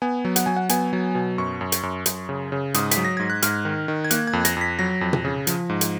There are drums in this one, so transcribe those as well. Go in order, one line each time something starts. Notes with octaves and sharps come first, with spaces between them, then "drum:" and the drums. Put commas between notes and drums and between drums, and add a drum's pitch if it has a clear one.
B3 G#5
F#3
F#5, drum: hi-hat
F#3 G#5
F#5
B3 G#5, drum: hi-hat
F#3
B2
F#2 C#6
F#2
drum: hi-hat
F#2
F#2, drum: hi-hat
C#3
C#3
G#2 D#6, drum: hi-hat
B6, drum: hi-hat
F#3
A#6
G#2 G#6
F#6
G#2 F6, drum: hi-hat
D#3
D#3
G#6
A#3 F#6, drum: hi-hat
G#6
F2
A#6, drum: hi-hat
F2 B6
F#3 A#6
F2
drum: tom B2
C#3
F3, drum: hi-hat
G#2
drum: hi-hat